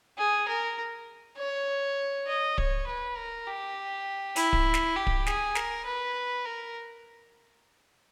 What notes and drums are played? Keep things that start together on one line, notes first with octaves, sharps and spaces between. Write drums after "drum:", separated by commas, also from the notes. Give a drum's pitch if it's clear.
G#4
A#4
C#5
D#5
C#5, drum: kick D1
B4
A#4
G4
E4, drum: hi-hat
drum: kick D1
drum: snare
G4
drum: kick D1
G#4, drum: snare
A#4, drum: snare
B4
A#4